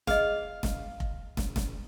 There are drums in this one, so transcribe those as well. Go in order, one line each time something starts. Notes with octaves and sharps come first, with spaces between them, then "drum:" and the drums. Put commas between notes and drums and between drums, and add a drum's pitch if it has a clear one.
G#4 D#5 F5, drum: snare
drum: snare
drum: kick F1
drum: snare
drum: snare